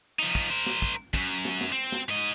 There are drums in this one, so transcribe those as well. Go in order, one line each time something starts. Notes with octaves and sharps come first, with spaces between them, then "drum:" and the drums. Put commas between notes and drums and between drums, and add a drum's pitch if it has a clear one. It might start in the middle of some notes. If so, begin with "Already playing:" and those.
F3 D#4, drum: hi-hat
drum: kick
A#4 C5
drum: snare
drum: kick
F#2, drum: kick, hi-hat
drum: snare
drum: snare
C4
drum: snare
G#2 D#5, drum: hi-hat